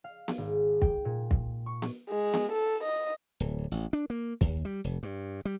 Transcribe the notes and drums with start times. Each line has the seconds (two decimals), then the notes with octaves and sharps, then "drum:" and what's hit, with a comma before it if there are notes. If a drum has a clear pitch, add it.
0.04 F5
0.28 drum: snare B3
0.38 G#1
0.82 G5, drum: kick
1.05 A#2
1.31 drum: kick
1.66 C#6
1.82 drum: snare B3
2.09 G#3
2.34 drum: snare B3
2.52 A4
2.84 D#5
3.40 D1
3.72 A1
3.93 D4
4.10 A#3
4.41 D#2, drum: kick
4.65 G3
4.84 F1
5.03 G2
5.45 G3